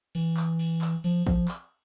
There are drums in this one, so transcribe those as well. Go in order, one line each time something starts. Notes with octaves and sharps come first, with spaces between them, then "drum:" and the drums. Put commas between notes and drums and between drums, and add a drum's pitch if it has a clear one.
E3, drum: cymbal
drum: clap
drum: cymbal
drum: clap
F3, drum: cymbal
F3, drum: kick A#1
drum: clap